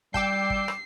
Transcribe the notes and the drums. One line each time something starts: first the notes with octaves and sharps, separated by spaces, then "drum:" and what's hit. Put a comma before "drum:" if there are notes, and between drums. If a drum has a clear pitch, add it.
G3 G5 D6 E6 G6 C7, drum: kick
drum: kick
drum: rim click